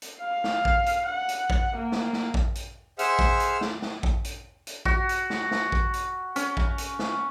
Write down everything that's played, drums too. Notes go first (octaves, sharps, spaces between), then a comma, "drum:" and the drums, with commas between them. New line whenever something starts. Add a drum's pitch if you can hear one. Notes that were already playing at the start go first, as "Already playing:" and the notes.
drum: hi-hat
F5
drum: snare
drum: kick A1
drum: hi-hat
F#5
drum: hi-hat
drum: kick A1
A#3
drum: snare
drum: snare
drum: kick A1
drum: hi-hat
G#4 C5 E5 F#5 E6 F6, drum: hi-hat
drum: kick A1
drum: hi-hat
drum: snare
drum: snare
drum: kick A1
drum: hi-hat
drum: hi-hat
F#4, drum: kick A1
drum: hi-hat
drum: snare
drum: snare
drum: kick A1
drum: hi-hat
C#4, drum: hi-hat
drum: kick A1
drum: hi-hat
drum: snare